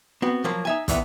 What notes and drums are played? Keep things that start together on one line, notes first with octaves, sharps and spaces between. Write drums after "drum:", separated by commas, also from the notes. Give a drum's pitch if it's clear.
B3 C4 F#4
F3 F#3 A#3 C5
D#4 E5 G#5
D2 A2 E3 B3 E5, drum: kick, hi-hat